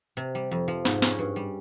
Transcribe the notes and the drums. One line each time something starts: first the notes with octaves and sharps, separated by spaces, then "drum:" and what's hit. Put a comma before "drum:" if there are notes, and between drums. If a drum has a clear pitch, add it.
C3
G3
F2
F3
G#2, drum: snare
C#4, drum: snare
G2
G3